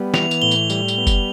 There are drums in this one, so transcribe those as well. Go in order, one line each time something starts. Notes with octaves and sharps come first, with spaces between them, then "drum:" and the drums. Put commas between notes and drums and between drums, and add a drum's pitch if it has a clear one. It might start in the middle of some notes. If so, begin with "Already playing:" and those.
Already playing: G3 B3
E3 F7, drum: snare
F7, drum: tambourine
A2 G7
drum: tambourine
G3, drum: tambourine
drum: tambourine
B3
drum: kick, tambourine